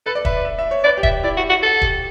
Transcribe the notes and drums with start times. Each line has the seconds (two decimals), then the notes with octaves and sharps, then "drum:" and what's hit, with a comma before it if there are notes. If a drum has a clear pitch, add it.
0.06 A4 B4
0.15 D5
0.25 B4 E5, drum: kick
0.35 D5
0.45 E5
0.59 E5
0.71 C#5
0.84 B4 D5
0.97 G4
1.03 E5, drum: kick
1.23 E4 D5
1.37 F#4
1.49 F#4
1.63 A4
1.82 G4, drum: kick